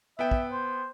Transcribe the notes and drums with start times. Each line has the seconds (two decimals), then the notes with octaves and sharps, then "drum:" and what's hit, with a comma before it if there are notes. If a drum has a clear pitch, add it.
0.19 B3 E5 G5
0.31 drum: kick
0.52 C5